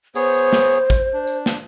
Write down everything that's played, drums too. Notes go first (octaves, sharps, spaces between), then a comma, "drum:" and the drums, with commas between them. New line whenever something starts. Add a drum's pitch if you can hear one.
B3 G#4 C5 C#5, drum: tambourine
drum: tambourine
drum: snare
drum: kick, tambourine
D4
drum: tambourine
drum: snare